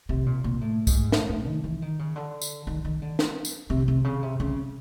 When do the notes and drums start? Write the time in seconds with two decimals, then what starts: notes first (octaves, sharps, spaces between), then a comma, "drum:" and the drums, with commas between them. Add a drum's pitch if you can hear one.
0.09 C3
0.26 A#2
0.44 A#2
0.61 A2
0.87 G#2, drum: kick, tambourine
1.12 A2, drum: snare
1.29 A2
1.46 D#3
1.64 E3
1.82 D#3
1.99 C#3
2.16 D3
2.42 drum: tambourine
2.67 D#3
2.85 D#3
3.02 D3
3.19 drum: snare
3.45 drum: tambourine
3.70 C3
3.88 C3
4.04 C#3
4.23 C3
4.40 C#3